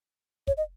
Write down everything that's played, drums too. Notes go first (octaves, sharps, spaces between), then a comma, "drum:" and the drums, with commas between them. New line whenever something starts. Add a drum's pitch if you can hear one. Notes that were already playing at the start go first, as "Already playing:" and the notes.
C#5, drum: kick
D#5